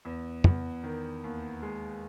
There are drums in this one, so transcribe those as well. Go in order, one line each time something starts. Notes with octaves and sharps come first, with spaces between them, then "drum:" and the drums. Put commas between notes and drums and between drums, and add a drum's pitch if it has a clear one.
E2
E2, drum: tom
D#3
D#2
G#3